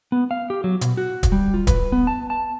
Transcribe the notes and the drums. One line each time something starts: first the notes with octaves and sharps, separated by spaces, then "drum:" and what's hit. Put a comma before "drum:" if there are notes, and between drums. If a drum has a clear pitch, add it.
B3
F5
G4
F#3
B2, drum: hi-hat
F#4
drum: kick, hi-hat
G3
F4
B4, drum: kick, hi-hat
B3
A5
A5